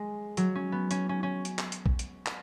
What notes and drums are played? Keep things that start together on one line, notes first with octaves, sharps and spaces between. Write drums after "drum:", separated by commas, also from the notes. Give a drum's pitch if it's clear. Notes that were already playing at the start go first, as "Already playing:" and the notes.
Already playing: G#3
F#3, drum: hi-hat
C#4
B3
C#4, drum: hi-hat
C#4
C#4
drum: hi-hat
drum: clap
drum: hi-hat
drum: kick
drum: hi-hat
drum: clap